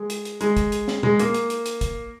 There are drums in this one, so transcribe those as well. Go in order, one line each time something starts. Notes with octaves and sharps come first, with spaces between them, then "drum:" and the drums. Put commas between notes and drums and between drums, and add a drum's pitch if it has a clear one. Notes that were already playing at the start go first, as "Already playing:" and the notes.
Already playing: G#3
drum: hi-hat
drum: hi-hat
G#3, drum: hi-hat
drum: kick, hi-hat
drum: hi-hat
drum: snare
G#3, drum: tom A#2
A#3, drum: hi-hat
drum: hi-hat
drum: hi-hat
drum: hi-hat
drum: kick, hi-hat